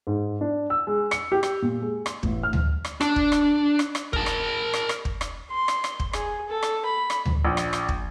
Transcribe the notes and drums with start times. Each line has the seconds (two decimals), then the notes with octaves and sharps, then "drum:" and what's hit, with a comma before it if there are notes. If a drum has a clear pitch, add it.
0.07 G#2
0.41 D4
0.70 E6
0.87 G#3
1.11 C#7, drum: rim click
1.32 G4
1.43 drum: rim click
1.62 A#2
1.82 G#3
2.06 C6, drum: rim click
2.23 A1, drum: kick
2.43 F6
2.53 drum: tom D2
2.85 drum: rim click
3.01 D4, drum: rim click
3.16 drum: kick
3.32 drum: rim click
3.79 drum: rim click
3.95 drum: rim click
4.13 A#4 A5, drum: kick
4.26 drum: rim click
4.74 drum: rim click
4.89 drum: rim click
5.05 drum: kick
5.21 drum: rim click
5.51 C6
5.68 drum: rim click
5.84 drum: rim click
6.00 drum: kick
6.13 G#4, drum: rim click
6.49 A4
6.63 drum: rim click
6.85 B5
7.10 drum: rim click
7.26 drum: tom D2
7.45 A#1
7.57 drum: rim click
7.73 drum: rim click
7.89 drum: kick